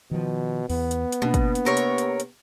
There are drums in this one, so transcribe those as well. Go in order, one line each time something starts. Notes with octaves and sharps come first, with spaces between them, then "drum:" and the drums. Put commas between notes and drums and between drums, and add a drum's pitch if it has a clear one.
B2 D#3 F3
E2 B3, drum: open hi-hat
drum: hi-hat
drum: hi-hat
B2 A#3 D4
drum: kick, hi-hat
drum: hi-hat
C3 A#4 C#5
drum: hi-hat
drum: hi-hat
drum: hi-hat